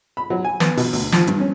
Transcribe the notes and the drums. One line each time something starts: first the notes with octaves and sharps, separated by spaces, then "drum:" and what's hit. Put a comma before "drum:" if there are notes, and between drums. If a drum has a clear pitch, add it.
B5
F#3
G#5
B3, drum: snare
B2, drum: open hi-hat
D2, drum: open hi-hat
F3, drum: snare
G2, drum: hi-hat
C#4